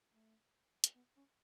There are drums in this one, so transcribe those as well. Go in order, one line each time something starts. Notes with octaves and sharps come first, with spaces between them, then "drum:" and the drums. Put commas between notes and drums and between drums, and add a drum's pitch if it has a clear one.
A3
drum: hi-hat
B3
C#4